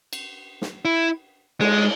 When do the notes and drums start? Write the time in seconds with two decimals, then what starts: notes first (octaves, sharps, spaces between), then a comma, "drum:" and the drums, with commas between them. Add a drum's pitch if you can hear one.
0.13 drum: cymbal
0.62 drum: snare
0.85 E4
1.61 G#3, drum: cymbal